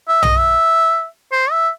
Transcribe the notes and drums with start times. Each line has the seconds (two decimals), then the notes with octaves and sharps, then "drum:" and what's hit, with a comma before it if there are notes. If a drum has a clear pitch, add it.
0.08 E5
0.23 D#5, drum: tom
0.38 E5
1.32 C5
1.51 E5